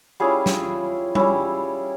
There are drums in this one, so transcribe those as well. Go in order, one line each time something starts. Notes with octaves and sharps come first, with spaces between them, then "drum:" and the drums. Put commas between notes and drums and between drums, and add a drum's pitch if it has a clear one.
G3 C#4 E4 F4 G#4
drum: snare
G3 C#4 E4, drum: tom G3